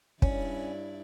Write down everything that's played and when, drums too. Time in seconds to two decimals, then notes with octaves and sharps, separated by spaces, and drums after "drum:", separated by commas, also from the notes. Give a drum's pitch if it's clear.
0.22 G2 C#4 E4 D5, drum: kick